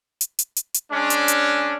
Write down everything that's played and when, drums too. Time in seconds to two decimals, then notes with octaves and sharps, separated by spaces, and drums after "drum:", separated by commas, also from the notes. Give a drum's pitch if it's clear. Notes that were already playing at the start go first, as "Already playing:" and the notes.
0.21 drum: hi-hat
0.39 drum: hi-hat
0.56 drum: hi-hat
0.74 drum: hi-hat
0.92 G#3 C#4 D4
1.10 drum: hi-hat
1.28 drum: hi-hat